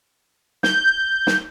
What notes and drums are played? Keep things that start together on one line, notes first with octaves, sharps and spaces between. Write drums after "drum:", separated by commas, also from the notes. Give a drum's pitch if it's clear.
G6, drum: snare
drum: snare